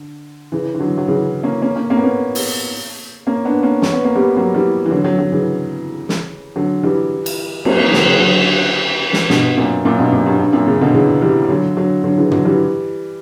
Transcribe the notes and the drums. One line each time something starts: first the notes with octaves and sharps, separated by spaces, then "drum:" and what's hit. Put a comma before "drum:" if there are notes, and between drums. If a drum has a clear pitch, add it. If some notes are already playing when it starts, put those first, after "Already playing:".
Already playing: D3
C#3 E3
E3
D3 F#3
F#3
C#3 E3
A#3 C#4
A#3 C#4
A#3 C#4
A#3 C#4
B3
A#3 C#4
drum: open hi-hat
A#3 C#4
B3 D4
A#3 C#4
C#4, drum: snare
B3
A#3
G3 B3
F#3 A#3
E3 G3
E3
D3 F#3
D3 F#3
D3 F#3
C#3 E3
drum: snare
D3 F#3
E3 G3
drum: cymbal
F#3 A#3, drum: cymbal
F#3 A#3
E3
D3 F#3, drum: snare
C#3 E3
D3 F#3
drum: snare
G2 B2, drum: snare
F#2 A#2
F#2 A#2
G2 B2
F#2 A#2
G2
G2
F#2 A#2
A#2 C#3
B2 D3
C#3 E3
E3 G3
D3 F#3
D3 F#3
D3 F#3
C#3 E3
D3 F#3, drum: tom
E3 G3